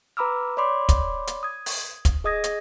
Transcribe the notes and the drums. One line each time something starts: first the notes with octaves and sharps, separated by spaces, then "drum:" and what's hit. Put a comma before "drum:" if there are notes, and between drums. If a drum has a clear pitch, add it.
B4 A#5 B5 D6 E6 F6
C#5 D5 B5 C6 D6
drum: kick, hi-hat
drum: hi-hat
D#6 G#6
drum: open hi-hat
drum: kick, hi-hat
G#4 D#5 D#6 G#6 A#6
drum: hi-hat